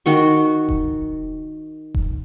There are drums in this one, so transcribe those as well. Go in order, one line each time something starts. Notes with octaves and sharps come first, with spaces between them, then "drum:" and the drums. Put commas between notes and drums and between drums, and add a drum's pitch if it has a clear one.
D#3 F#4 C#6
drum: kick E1
drum: kick E1